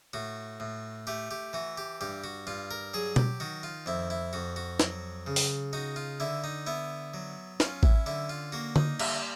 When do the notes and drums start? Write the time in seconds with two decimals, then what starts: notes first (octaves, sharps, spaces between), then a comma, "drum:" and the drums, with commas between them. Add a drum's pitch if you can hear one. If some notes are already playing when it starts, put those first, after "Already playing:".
0.13 A2 F#4
0.60 A2
1.07 A3 G4
1.31 G4
1.53 E3 F#4
1.78 G4
2.01 G2 G4
2.24 F#4
2.47 G2 F4
2.71 A#4
2.94 F#3 G#4
3.16 G4, drum: tom B2
3.40 D#3 F#4
3.63 F4
3.86 F2 E4
4.10 E4
4.33 F2 F#4
4.56 F#4
4.80 F#3, drum: snare
5.27 C#3
5.36 drum: open hi-hat
5.73 D#4 F#4
5.96 F4
6.20 D3 E4
6.44 D#4
6.67 B3 E4
7.14 F#3
7.60 C#4 F4, drum: snare
7.83 E4, drum: kick A1
8.06 D3 E4
8.29 F4
8.52 A#3 F#4
8.76 D#4, drum: tom D3
9.00 G3 E4, drum: cymbal